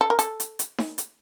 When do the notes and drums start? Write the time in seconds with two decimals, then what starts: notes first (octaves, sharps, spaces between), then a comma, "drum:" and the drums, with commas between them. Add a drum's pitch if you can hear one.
0.01 A4
0.10 A#4
0.19 A4, drum: hi-hat
0.40 drum: hi-hat
0.59 drum: hi-hat
0.78 drum: snare D#4
0.98 drum: hi-hat